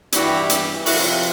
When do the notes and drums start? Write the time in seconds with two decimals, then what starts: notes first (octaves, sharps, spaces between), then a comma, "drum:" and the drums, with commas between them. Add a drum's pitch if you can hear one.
0.12 G2 E3 G3 E4 F#4, drum: hi-hat
0.50 drum: hi-hat
0.86 C3 F3 E4 F#4, drum: open hi-hat